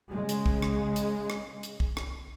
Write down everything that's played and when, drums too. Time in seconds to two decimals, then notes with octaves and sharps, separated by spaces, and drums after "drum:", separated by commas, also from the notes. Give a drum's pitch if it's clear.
0.12 C#3 G#3
0.29 drum: hi-hat
0.46 drum: kick
0.62 drum: rim click
0.96 drum: hi-hat
1.30 drum: rim click
1.63 drum: hi-hat
1.80 drum: kick
1.97 drum: rim click